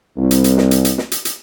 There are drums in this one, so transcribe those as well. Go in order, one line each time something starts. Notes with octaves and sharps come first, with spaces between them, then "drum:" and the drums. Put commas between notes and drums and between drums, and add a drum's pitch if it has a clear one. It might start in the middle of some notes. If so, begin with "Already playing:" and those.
C2
drum: hi-hat
drum: hi-hat
drum: snare
drum: hi-hat
drum: hi-hat
drum: snare
drum: hi-hat
drum: hi-hat